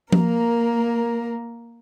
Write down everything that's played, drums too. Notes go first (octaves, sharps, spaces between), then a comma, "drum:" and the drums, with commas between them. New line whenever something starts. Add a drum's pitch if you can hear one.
A#3 A#4, drum: tom F3